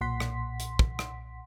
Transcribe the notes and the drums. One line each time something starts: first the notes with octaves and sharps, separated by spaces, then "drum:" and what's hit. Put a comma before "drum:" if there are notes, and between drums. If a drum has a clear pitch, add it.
B1 A#2 F#5 C6 B6
drum: rim click
drum: hi-hat
drum: kick
drum: rim click